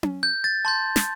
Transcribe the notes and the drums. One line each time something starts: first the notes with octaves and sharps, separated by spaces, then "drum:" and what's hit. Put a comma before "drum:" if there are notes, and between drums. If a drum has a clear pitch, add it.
drum: tom C#4
G6
A6
A5 C6 G6
drum: snare